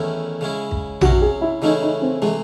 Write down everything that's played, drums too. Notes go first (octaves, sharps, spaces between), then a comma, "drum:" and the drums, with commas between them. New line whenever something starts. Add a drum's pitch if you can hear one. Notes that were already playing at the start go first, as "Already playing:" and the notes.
Already playing: E2 D#3 A3 C#4 E4
C#3 G#3 C#4 E4
drum: kick
C3 F#3 C#4 F#4, drum: tom A#1
G#4
E4
C#3 E3 A3 C#4 D#4 E4
D#4
C4
C3 E3 G#3 A3